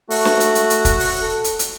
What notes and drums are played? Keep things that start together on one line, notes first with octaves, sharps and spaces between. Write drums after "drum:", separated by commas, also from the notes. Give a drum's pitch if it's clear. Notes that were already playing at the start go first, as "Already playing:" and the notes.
A3 F#4, drum: open hi-hat
drum: snare
drum: hi-hat
drum: hi-hat
drum: hi-hat
drum: kick, hi-hat
drum: open hi-hat
A4
drum: hi-hat
drum: hi-hat